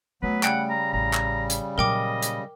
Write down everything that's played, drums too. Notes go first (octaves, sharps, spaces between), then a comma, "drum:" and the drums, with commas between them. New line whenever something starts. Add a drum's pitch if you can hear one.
F#3 A3 B3 B4
C#3 G3 F#5 G5, drum: clap
A#5
A1 A#5
drum: clap
drum: hi-hat
A#2 F#3 A#4 D#5 G5 D6
drum: hi-hat